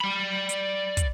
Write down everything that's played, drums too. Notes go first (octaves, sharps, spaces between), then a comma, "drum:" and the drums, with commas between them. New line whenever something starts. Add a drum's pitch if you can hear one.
D5 B5
drum: hi-hat
drum: kick, hi-hat